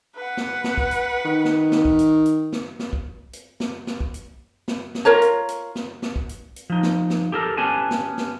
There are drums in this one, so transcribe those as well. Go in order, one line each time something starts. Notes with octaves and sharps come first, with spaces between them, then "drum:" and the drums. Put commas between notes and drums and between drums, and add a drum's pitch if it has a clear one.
B4 F#5
drum: snare
drum: snare
drum: kick
drum: hi-hat
D#3
drum: snare
drum: snare
drum: kick
drum: hi-hat
drum: hi-hat
drum: snare
drum: snare
drum: kick
drum: hi-hat
drum: snare
drum: snare
drum: kick
drum: hi-hat
drum: snare
drum: snare
F4 A#4 C#5 A#5
drum: hi-hat
drum: hi-hat
drum: snare
drum: snare
drum: kick
drum: hi-hat
drum: hi-hat
F3 D#4
drum: snare
drum: snare
G4 A4 A#4
B3 C#4 G4 G#5 A5
drum: snare
drum: snare